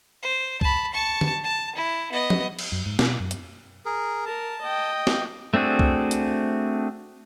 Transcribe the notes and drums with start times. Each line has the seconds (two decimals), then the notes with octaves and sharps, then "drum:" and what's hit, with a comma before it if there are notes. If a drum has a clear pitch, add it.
0.22 C5
0.61 A5 B5, drum: kick C2
0.93 A5 C#6
1.21 drum: tom
1.44 A5
1.76 E4
2.12 B3 D#5
2.30 drum: tom
2.59 drum: cymbal
2.72 F#2
2.86 G#2
2.99 B2, drum: snare
3.20 F#2
3.31 drum: hi-hat
3.85 G#4 A#4
4.26 A#4 A5
4.62 D#5 G5
5.07 drum: snare
5.54 A3 C4 D4 F#4 G#4
5.79 drum: kick C2
6.11 drum: hi-hat